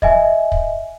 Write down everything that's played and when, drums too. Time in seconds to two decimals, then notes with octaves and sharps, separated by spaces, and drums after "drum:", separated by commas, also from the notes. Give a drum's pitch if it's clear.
0.02 D#5 E5 G#5, drum: kick
0.52 drum: kick